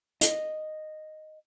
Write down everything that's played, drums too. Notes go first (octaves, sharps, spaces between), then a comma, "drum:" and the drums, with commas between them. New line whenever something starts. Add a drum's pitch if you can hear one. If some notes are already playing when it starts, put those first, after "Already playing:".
D#5, drum: hi-hat